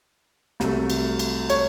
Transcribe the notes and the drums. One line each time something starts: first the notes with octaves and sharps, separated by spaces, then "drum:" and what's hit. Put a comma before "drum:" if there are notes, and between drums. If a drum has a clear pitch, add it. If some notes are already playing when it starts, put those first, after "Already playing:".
C2 C3 F#3 A3, drum: snare
drum: cymbal
drum: cymbal
C#5, drum: cymbal